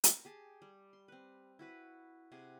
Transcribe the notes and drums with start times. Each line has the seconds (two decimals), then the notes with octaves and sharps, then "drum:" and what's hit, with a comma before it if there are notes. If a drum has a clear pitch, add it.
0.04 drum: hi-hat
0.25 G4 G#4 A5
0.62 G3
0.93 C6
1.08 C4 B4
1.59 E4 F#4 B4
2.32 C3 G#4 F#5